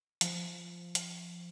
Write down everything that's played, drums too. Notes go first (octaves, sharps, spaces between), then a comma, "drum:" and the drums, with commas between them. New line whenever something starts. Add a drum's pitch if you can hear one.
F3, drum: hi-hat
drum: hi-hat